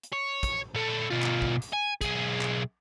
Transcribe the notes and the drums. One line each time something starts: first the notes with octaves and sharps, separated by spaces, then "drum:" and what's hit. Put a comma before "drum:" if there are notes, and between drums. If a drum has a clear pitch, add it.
drum: hi-hat
C#5
drum: kick, hi-hat
A#2 A4
B2 F4
drum: clap
drum: kick
drum: hi-hat
G#5
B1 G#4, drum: kick, hi-hat
drum: clap